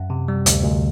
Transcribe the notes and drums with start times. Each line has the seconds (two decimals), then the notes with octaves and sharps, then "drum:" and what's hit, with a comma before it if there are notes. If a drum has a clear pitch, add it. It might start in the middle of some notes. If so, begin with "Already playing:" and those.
Already playing: F#2 F#5
0.10 C3
0.28 G3
0.46 D2, drum: hi-hat
0.64 D2